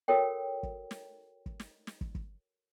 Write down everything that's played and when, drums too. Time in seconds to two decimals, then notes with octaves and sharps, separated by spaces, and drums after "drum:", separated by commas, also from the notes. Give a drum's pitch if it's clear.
0.08 F#4 A4 A#4 C#5 G5
0.63 drum: kick
0.91 drum: snare
1.46 drum: kick
1.60 drum: snare
1.87 drum: snare
2.01 drum: kick
2.15 drum: kick